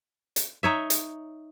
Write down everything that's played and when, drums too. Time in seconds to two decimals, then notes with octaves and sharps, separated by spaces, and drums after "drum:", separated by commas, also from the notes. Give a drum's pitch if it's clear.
0.36 drum: hi-hat
0.63 D#4 C#5 E5
0.90 drum: hi-hat